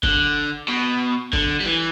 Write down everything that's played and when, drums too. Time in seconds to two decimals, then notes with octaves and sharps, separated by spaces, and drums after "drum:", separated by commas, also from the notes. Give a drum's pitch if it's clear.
0.03 D3, drum: kick F#1
0.68 B2
1.33 D3, drum: kick F#1
1.60 G3
1.66 E3